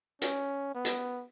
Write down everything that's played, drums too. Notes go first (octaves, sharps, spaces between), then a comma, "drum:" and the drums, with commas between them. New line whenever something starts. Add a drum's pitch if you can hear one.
C#4, drum: hi-hat
B3
drum: hi-hat